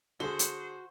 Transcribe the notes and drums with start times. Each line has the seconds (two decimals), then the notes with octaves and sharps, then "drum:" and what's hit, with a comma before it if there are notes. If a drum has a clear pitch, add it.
0.20 D3 F#4 G#4 C5 G7
0.39 drum: hi-hat